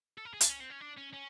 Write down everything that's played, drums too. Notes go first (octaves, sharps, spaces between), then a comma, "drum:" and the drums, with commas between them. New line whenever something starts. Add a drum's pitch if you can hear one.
A4
A#4
G#4
D4, drum: hi-hat
C#4
C4
C#4
D4
C#4
C#4